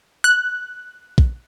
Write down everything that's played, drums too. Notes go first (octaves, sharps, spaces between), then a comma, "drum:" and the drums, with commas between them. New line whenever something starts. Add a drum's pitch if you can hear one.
F#6
drum: kick